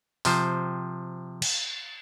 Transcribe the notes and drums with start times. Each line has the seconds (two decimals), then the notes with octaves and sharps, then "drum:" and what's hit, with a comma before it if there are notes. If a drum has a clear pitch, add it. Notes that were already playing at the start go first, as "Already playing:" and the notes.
0.25 C3 F3 C5, drum: open hi-hat
1.42 drum: cymbal